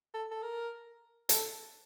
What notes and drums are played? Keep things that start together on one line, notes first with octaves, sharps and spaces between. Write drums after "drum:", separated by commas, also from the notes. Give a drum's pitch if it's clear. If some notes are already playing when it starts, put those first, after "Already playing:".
A4
A4
A#4
A4, drum: hi-hat